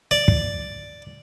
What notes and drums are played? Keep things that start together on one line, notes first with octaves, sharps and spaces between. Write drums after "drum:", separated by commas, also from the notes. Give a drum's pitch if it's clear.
D5
drum: kick